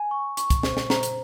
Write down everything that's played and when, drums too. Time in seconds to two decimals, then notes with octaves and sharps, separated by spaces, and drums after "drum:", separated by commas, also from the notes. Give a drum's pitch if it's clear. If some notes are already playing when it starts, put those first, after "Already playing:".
Already playing: G#5
0.11 C#6
0.37 C#6, drum: hi-hat
0.50 drum: kick, hi-hat
0.63 C5, drum: snare
0.77 drum: snare
0.90 C5 A#5, drum: snare
1.03 drum: hi-hat